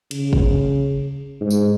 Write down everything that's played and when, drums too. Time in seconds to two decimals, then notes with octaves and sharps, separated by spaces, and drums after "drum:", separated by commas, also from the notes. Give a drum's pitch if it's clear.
0.11 C#3, drum: cymbal
0.33 drum: kick
1.41 G#2
1.50 drum: tambourine